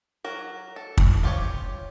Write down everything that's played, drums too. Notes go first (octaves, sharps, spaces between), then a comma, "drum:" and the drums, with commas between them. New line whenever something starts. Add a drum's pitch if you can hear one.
F#3 A#4
A4
drum: kick
F4 G4 C#5